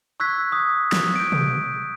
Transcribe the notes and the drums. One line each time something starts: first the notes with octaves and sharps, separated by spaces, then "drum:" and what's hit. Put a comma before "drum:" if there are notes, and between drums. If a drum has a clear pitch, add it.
C#6 E6 F#6 G#6 B6
D#6
drum: snare
G6 D7
drum: tom